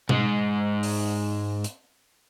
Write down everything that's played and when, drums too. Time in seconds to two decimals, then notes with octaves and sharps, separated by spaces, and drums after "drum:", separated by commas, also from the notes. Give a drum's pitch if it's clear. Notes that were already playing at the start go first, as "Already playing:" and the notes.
0.09 G#2 G#3, drum: tom B2
0.83 drum: open hi-hat
1.64 drum: hi-hat